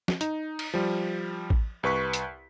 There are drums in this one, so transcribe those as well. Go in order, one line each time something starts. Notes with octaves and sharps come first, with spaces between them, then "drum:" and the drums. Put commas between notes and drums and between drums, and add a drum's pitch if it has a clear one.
drum: snare
D#4, drum: hi-hat
drum: cymbal
F3 G3
drum: kick A1
C2 B4 C#6 B6
drum: hi-hat